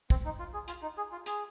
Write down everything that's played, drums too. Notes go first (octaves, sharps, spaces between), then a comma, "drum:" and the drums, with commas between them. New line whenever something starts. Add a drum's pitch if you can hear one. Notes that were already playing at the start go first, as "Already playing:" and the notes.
C4, drum: kick
D#4
F4
G#4
F4, drum: hi-hat
D#4
G#4
F4
G#4, drum: hi-hat